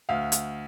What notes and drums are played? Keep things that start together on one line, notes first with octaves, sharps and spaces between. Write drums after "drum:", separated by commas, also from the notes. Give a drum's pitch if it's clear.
D2 F5
drum: hi-hat